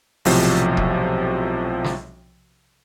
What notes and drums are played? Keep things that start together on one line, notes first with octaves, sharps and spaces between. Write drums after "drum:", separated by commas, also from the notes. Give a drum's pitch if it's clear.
B1 A2 C3 F3 F#4, drum: open hi-hat
drum: kick E1
drum: snare